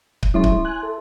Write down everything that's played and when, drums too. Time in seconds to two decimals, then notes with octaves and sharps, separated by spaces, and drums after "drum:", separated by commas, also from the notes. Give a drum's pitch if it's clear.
0.23 drum: kick
0.34 F#3 G#3 C#4 E4 E5 C6
0.44 drum: kick
0.65 G#5 F#6
0.83 A4